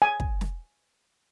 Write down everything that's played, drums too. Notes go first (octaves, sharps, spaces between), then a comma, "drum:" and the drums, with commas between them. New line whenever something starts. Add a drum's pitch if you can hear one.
G#5
drum: kick
drum: snare